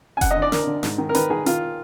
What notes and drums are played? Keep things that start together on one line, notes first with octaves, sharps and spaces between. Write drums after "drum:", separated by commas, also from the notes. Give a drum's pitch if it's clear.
G#5
F#2 F#5, drum: kick F1, hi-hat
D#5
D3
D5
D3 A#4, drum: snare
D3
G#2, drum: snare
D#3
A#4
D#3 B4, drum: hi-hat
D#3 G#4
D#3 F4, drum: hi-hat